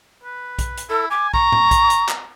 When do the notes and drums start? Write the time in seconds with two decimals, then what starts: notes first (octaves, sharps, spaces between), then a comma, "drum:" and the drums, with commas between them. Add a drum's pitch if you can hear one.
0.24 B4
0.59 drum: kick B1, hi-hat
0.77 drum: hi-hat
0.90 E4 A4
1.10 G#5 D6
1.34 A#5 C#6, drum: kick B1
1.52 drum: tom A2
1.71 drum: kick B1, hi-hat
1.90 drum: hi-hat
2.09 drum: clap